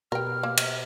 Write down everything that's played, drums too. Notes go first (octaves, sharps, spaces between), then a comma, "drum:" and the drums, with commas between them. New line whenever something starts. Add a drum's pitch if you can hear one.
B2 G4 A#4 B4 G5 F6
A#3
drum: cymbal